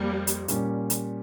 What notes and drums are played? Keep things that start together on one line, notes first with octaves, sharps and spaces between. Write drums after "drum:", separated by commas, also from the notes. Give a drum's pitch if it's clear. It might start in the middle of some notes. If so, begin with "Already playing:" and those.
Already playing: F2 G3 A#3
drum: hi-hat
A#2 G3 C#4, drum: hi-hat
drum: hi-hat